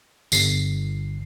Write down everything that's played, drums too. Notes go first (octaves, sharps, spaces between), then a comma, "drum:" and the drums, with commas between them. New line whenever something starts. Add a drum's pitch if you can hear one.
G1 C7, drum: tambourine